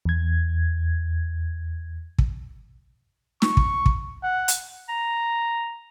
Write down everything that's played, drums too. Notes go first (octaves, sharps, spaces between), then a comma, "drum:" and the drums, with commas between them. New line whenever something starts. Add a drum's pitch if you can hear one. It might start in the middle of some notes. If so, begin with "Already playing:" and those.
E2 G#6
drum: kick
C#6, drum: snare
drum: kick
drum: kick
F#5
drum: hi-hat
A#5